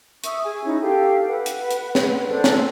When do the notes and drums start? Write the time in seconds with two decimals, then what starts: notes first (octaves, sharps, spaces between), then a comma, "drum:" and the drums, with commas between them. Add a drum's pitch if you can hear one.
0.24 E5 C#6 D#6 E6, drum: hi-hat
0.44 G#4 G#5
0.64 C#4 D#4 E4
0.81 G4 A4 F5 G5
1.27 B4 F#5
1.46 drum: hi-hat
1.71 drum: hi-hat
1.95 drum: snare
2.28 D4 A4 C5
2.44 drum: snare